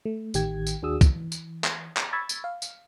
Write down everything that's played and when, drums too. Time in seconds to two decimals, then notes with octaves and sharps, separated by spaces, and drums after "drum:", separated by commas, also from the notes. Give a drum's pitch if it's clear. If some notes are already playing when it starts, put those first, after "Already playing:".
0.05 A3
0.34 A1 D#3 G4 G5 G#6, drum: tambourine
0.67 drum: tambourine
0.82 D#2 D4 F#4 G#4 D#6 E6
1.01 E3, drum: kick, tambourine
1.32 drum: tambourine
1.64 drum: clap
1.97 drum: clap
2.13 B5 C#6 E6 G#6 A6
2.29 drum: tambourine
2.44 F5
2.62 drum: tambourine